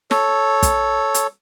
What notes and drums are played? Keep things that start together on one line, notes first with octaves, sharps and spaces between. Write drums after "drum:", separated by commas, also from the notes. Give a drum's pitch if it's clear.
A4 C#5, drum: snare
drum: kick, hi-hat
drum: hi-hat